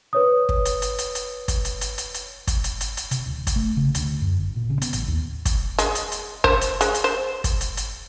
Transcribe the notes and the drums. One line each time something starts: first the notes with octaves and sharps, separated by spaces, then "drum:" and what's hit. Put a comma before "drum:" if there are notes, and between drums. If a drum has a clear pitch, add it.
B4 C#5 D#6
drum: kick
drum: hi-hat
drum: hi-hat
drum: hi-hat
drum: hi-hat
drum: kick, hi-hat
drum: hi-hat
drum: hi-hat
drum: hi-hat
drum: hi-hat
drum: kick, hi-hat
drum: hi-hat
drum: hi-hat
drum: hi-hat
C3, drum: hi-hat
D1
drum: kick, hi-hat
A3
C#3
D2, drum: hi-hat
F#2
G1
A#2
C#3
B3, drum: hi-hat
A1, drum: hi-hat
D#2
drum: kick, hi-hat
G#3, drum: hi-hat
drum: hi-hat
drum: hi-hat
C5, drum: kick
drum: hi-hat
G#3, drum: hi-hat
drum: hi-hat
C5
drum: kick, hi-hat
drum: hi-hat
drum: hi-hat